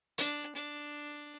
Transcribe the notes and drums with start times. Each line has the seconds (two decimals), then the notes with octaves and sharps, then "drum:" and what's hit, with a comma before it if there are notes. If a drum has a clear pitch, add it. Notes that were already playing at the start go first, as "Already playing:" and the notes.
0.18 D4, drum: hi-hat
0.55 D4